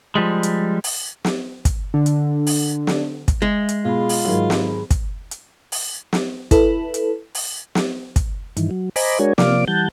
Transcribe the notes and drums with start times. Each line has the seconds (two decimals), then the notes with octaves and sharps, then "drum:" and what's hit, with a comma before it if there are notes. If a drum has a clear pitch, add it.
0.15 F3 G3 G#3
0.43 drum: hi-hat
0.84 drum: open hi-hat
1.25 drum: snare
1.65 drum: kick, hi-hat
1.94 D3
2.06 drum: hi-hat
2.47 drum: open hi-hat
2.87 drum: snare
3.28 drum: kick, hi-hat
3.42 G#3 E5
3.69 drum: hi-hat
3.85 B2 F4 G#4 B5
4.09 drum: open hi-hat
4.24 G#2 D#3 F#3
4.50 drum: snare
4.91 drum: kick, hi-hat
5.31 drum: hi-hat
5.72 drum: open hi-hat
6.13 drum: snare
6.51 E4 A4 B4, drum: kick, hi-hat
6.94 drum: hi-hat
7.35 drum: open hi-hat
7.75 drum: snare
8.16 drum: kick, hi-hat
8.57 G2 D#3 E3, drum: hi-hat
8.71 F#3
8.96 C5 D#5 G#5 A#5 B5 D6, drum: open hi-hat
9.19 G#3 D4 F#4 A#4 C#5 G#5
9.38 C3 F3 A#3 D5 F5 D6, drum: snare
9.68 E3 G3 F#5 A5 G6